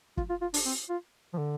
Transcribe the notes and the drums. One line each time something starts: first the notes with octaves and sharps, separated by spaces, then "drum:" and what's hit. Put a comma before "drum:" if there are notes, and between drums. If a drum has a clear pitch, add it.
F4, drum: kick
F4
F4
D4, drum: open hi-hat
C4
F4
F3
D3